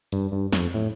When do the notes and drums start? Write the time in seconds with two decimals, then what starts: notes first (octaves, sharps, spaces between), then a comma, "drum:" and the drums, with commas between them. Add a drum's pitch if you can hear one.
0.12 G2, drum: hi-hat
0.32 G2
0.53 F2, drum: snare
0.74 A2